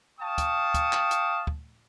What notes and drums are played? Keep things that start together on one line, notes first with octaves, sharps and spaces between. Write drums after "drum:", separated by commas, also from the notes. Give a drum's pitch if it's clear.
F5 G5 A5 C#6 D#6
drum: kick, hi-hat
drum: kick, hi-hat
drum: clap
drum: hi-hat
drum: kick